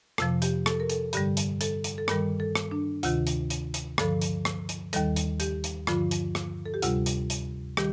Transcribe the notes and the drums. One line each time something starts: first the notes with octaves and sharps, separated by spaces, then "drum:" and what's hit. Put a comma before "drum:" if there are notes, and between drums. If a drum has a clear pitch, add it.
F2 C3 F3, drum: rim click
G4, drum: hi-hat
A4, drum: rim click
A#4
A4, drum: hi-hat
G2 D3 G3 G4, drum: hi-hat
drum: hi-hat
A4, drum: hi-hat
drum: hi-hat
A4
G2 D#3 G3 A#4, drum: rim click
A4
drum: rim click
D4
D2 C3 D#3 F4, drum: hi-hat
drum: hi-hat
drum: hi-hat
drum: hi-hat
G2 D3 F3 A4, drum: rim click
drum: hi-hat
drum: rim click
drum: hi-hat
D#2 D#3 G3 A4, drum: hi-hat
drum: hi-hat
G4, drum: hi-hat
drum: hi-hat
G2 D3 F3 F4, drum: rim click
drum: hi-hat
drum: rim click
A4
G4
D2 C3 G3 F4, drum: hi-hat
drum: hi-hat
drum: hi-hat
D#3 G3 G4, drum: rim click